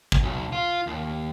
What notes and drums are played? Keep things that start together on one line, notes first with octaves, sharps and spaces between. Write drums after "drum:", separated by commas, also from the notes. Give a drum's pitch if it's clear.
drum: kick
B1
F4
D#2